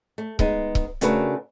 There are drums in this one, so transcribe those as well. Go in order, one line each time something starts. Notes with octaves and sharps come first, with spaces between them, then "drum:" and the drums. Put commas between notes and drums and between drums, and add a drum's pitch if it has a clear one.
A3
G#3 B3 D#4, drum: kick C#1
drum: kick C#1
C#3 A3 D4 F#4 A#4 B4, drum: hi-hat